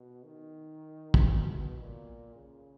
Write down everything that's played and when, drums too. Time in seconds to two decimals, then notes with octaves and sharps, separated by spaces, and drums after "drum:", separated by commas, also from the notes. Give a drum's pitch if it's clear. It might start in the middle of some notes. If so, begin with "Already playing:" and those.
Already playing: B2
0.24 D#3
1.14 drum: kick
1.29 B2
1.82 A#2
2.35 C#3